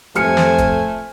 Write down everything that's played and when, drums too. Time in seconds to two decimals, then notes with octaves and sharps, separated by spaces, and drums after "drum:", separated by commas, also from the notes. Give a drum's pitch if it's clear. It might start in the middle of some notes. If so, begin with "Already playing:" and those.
0.15 F2 A3 G4 C5 G#5 F6 C#7, drum: hi-hat
0.37 drum: snare
0.58 drum: kick, hi-hat